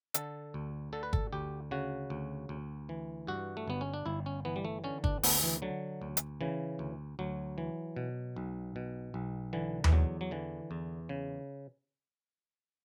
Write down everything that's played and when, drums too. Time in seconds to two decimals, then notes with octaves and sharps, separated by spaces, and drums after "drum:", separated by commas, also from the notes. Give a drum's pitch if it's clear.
0.14 D3 A4, drum: hi-hat
0.54 D2
0.93 D3 A4
1.03 B4
1.13 A4, drum: kick
1.33 D2 G4
1.71 C#3 F#4
2.10 D2
2.49 D2
2.89 E3
3.27 G2 F#4
3.57 A3
3.68 G1 B3
3.81 C#4
3.94 D4
4.06 G1 E4
4.26 C#4
4.45 E3 B3
4.56 G3
4.65 A3
4.84 D3 C#4
5.04 D4, drum: kick
5.23 D2 B3, drum: open hi-hat
5.43 E3
5.62 D3 F#3
6.02 D2
6.17 drum: hi-hat
6.41 C#3 E3
6.79 D2
7.19 D2 F#3
7.58 E3
7.96 B2
8.36 B1
8.76 B2
9.14 B1
9.53 D3 E3
9.84 E3, drum: tom D#2
9.92 E2 F#3
10.21 F#3
10.31 D3 E3
10.71 E2
11.09 C#3